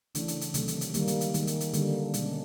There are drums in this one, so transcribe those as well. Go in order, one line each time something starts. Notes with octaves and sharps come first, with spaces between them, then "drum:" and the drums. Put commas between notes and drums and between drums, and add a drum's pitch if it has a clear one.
C#3 E3 A3 D4, drum: hi-hat
drum: hi-hat
drum: hi-hat
C3 D#3 F#3 A3, drum: hi-hat
drum: hi-hat
drum: hi-hat
D#3 G3 A#3, drum: hi-hat
drum: hi-hat
drum: hi-hat
D#3 G#3, drum: hi-hat
drum: hi-hat
drum: hi-hat
D3 G3 A#3, drum: hi-hat
D4
B2 G#3 D4, drum: hi-hat
C#4